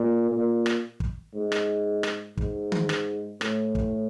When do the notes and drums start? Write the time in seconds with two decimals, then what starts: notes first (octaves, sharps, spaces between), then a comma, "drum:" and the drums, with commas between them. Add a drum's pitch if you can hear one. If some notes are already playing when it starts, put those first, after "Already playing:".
Already playing: A#2
0.31 A#2
0.66 drum: rim click
1.00 drum: kick
1.35 G#2
1.52 drum: rim click
2.03 drum: rim click
2.37 G#2, drum: kick
2.72 drum: tom D#3
2.89 drum: rim click
3.41 A2, drum: rim click
3.75 drum: kick